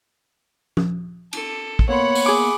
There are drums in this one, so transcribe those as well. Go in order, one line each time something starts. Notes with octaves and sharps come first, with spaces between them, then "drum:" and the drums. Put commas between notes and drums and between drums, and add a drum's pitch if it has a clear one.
drum: tom F3
A4, drum: cymbal
drum: kick
A#3 B3 C#5 F#5 B5 C6
drum: open hi-hat
G#4 D6